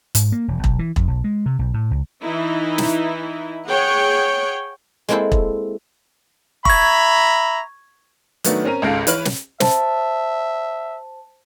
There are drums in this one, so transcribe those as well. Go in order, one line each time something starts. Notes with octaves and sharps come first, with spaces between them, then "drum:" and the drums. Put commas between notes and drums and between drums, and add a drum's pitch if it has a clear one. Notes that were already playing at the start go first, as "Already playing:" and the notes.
G#2, drum: hi-hat
A#3
E1
B1, drum: kick E1
E3
F2, drum: kick E1
B1
G#3
C3
B1
A2
C#2
E3 D#4 E4
drum: snare
G#4 C#5 F#5 G5
G#3 A#3 C4 E4 A4 C5
drum: kick E1
E5 A#5 B5 C#6 G#6, drum: kick E1
D#3 F#3 A3 B3 D4, drum: hi-hat
C4 C#4 A#4 A#5 D#7
G#1 C#2 A4 F5 A#6 D7
E3 B4 C#5 F6 F#7, drum: hi-hat
drum: snare
C5 E5 A5, drum: snare